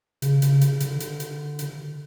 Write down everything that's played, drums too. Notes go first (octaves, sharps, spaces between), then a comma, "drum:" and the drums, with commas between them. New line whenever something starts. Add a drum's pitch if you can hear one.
C#3, drum: hi-hat
drum: hi-hat
drum: hi-hat
D3, drum: hi-hat
drum: hi-hat
drum: hi-hat
drum: hi-hat